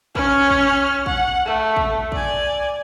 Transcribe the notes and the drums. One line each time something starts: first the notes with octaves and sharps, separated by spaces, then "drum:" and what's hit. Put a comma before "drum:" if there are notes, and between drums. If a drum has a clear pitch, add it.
C#4 F6, drum: kick
drum: kick
F#5, drum: kick
A3
drum: kick
D5 G#5, drum: kick